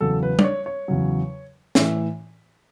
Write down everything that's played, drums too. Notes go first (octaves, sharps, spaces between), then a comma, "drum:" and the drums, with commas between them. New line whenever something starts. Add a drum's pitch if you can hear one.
E2 C#3 F#3 A4
B4
D5, drum: tom
C#5
C#5
E2 C#3 F#3
A2 E3 E5, drum: snare